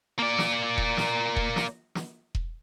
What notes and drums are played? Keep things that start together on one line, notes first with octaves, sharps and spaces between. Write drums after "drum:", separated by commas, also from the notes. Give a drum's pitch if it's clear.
A#3 D5
drum: snare
drum: kick E1
drum: snare
drum: kick E1
drum: snare
drum: snare
drum: kick E1